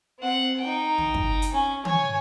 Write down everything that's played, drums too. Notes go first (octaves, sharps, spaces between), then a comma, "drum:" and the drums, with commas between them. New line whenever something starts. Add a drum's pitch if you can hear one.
C4 F#5
D#4 G5
drum: tom
drum: kick
drum: hi-hat
C#4
C#5 G#5, drum: tom D#3